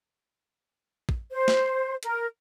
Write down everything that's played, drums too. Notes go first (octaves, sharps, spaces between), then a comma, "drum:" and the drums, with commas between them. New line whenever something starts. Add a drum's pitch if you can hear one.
drum: kick
C5
drum: snare
A#4, drum: hi-hat